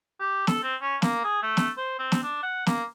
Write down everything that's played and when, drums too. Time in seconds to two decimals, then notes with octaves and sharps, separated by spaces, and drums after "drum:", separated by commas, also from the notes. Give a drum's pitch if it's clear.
0.20 G4
0.47 A4, drum: snare
0.63 C4
0.81 C#4
1.02 A#3, drum: snare
1.24 G#4
1.42 A3
1.57 drum: snare
1.77 C5
1.99 C4
2.12 drum: snare
2.23 D4
2.43 F#5
2.67 A#3, drum: snare